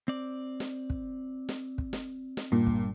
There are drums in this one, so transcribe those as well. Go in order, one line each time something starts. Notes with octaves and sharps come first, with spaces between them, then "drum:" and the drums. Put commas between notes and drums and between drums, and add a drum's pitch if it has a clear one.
C4 D5
drum: snare
drum: kick
drum: snare
drum: kick
drum: snare
drum: snare
G2 A#2
drum: kick